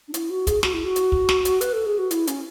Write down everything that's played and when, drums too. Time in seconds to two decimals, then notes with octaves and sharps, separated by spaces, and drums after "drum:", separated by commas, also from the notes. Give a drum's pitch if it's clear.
0.08 D4
0.14 E4, drum: hi-hat
0.30 F#4
0.47 G#4, drum: kick, hi-hat
0.63 F#4, drum: snare
0.74 E4
0.84 F#4
0.96 drum: hi-hat
1.12 drum: kick
1.29 drum: snare
1.45 drum: hi-hat
1.61 B4, drum: hi-hat
1.73 A4
1.86 G#4
1.99 F#4
2.11 E4, drum: hi-hat
2.27 C#4, drum: hi-hat